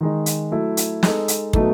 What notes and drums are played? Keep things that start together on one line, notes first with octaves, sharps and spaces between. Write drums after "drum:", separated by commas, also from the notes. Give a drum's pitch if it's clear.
D#3 G#3 D#4
drum: hi-hat
F#3 A3 E4 A4
drum: hi-hat
G#3 D#4 A4, drum: snare
drum: hi-hat
B2 F#3 A3 D#4 A4, drum: kick